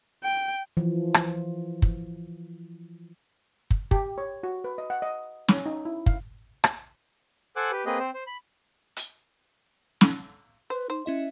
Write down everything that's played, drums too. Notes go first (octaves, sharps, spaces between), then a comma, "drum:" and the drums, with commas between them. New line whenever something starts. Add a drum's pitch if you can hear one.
G5
E3 F3
drum: rim click
drum: kick
drum: kick
G4, drum: kick
C#5
F#4
B4
D#5
F#5
D#5
C#4, drum: snare
D#4
E4
F5, drum: kick
drum: rim click
A4 C5 F#5 G#5 D6 F#6
G4 B4
A#3 C4 G#4 B4 D#5
C4 C5
C5
B5
drum: hi-hat
drum: snare
B4 C5
D#4 C5
C#4 E4 D#5 E5